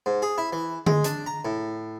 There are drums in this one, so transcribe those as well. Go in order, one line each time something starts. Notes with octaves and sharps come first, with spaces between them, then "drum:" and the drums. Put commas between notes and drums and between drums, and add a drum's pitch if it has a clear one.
G#2
G#4
E4
E3
G#3, drum: tom D3
D4, drum: hi-hat
A#5
A2